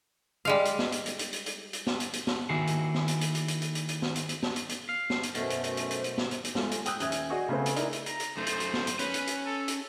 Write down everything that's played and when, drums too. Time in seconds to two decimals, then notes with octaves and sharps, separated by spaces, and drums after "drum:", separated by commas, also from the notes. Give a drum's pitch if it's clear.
0.45 G3 G#3 F5
0.65 drum: hi-hat
0.79 drum: snare
0.92 drum: hi-hat
1.06 drum: hi-hat
1.19 drum: hi-hat
1.33 drum: hi-hat
1.46 drum: hi-hat
1.73 drum: hi-hat
1.87 drum: snare
2.00 drum: hi-hat
2.13 drum: hi-hat
2.27 drum: snare
2.49 D#3 A#3 E4 F#4 G#4
2.67 drum: hi-hat
2.94 drum: snare
3.08 drum: hi-hat
3.21 drum: hi-hat
3.35 drum: hi-hat
3.48 drum: hi-hat
3.62 drum: hi-hat
3.75 drum: hi-hat
3.89 drum: hi-hat
4.02 drum: snare
4.15 drum: hi-hat
4.29 drum: hi-hat
4.42 drum: snare
4.56 drum: hi-hat
4.69 drum: hi-hat
4.89 F5
5.10 drum: snare
5.23 drum: hi-hat
5.35 F#2 B2 A3 C5, drum: hi-hat
5.50 drum: hi-hat
5.64 drum: hi-hat
5.77 drum: hi-hat
5.91 drum: hi-hat
6.04 drum: hi-hat
6.18 drum: snare
6.31 drum: hi-hat
6.44 drum: hi-hat
6.55 G#3 A3 F4, drum: snare
6.71 drum: hi-hat
6.86 G5 D#6 E6 F#6 G6, drum: hi-hat
7.00 D#1 C#4 E5 D#6 G#6, drum: hi-hat
7.12 drum: hi-hat
7.30 F#4 G#4 D5 D#5
7.49 C#3 A3 B3 C4
7.66 drum: hi-hat
7.76 D#4 E4 G#4 A#4 D5 D#5, drum: hi-hat
7.93 drum: hi-hat
8.06 A#5, drum: hi-hat
8.20 drum: hi-hat
8.37 F#2 A3 C5
8.47 drum: hi-hat
8.60 drum: hi-hat
8.73 drum: snare
8.87 drum: hi-hat
8.99 C#4 B4, drum: hi-hat
9.14 drum: hi-hat
9.27 drum: hi-hat
9.46 A4
9.68 drum: hi-hat